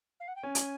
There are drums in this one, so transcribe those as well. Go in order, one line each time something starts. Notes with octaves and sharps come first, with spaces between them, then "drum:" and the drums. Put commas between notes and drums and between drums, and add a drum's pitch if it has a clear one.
F5
F#5
G5
C#4 G#5
drum: hi-hat